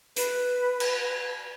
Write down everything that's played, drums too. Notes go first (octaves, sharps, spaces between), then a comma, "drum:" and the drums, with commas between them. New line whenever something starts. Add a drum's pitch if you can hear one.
B4, drum: hi-hat
drum: cymbal